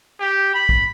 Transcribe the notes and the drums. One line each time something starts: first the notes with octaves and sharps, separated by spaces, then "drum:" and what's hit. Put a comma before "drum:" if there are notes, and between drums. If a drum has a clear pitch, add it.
G4
B5
drum: kick A#1